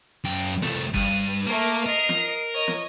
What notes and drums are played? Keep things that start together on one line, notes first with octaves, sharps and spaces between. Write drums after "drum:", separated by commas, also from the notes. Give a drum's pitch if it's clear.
F#2 G5
C2 A3, drum: snare
G2 D#7, drum: kick
A3 A#3 A#4
A#4 D#5 C7
drum: snare
C#5 D#5
drum: snare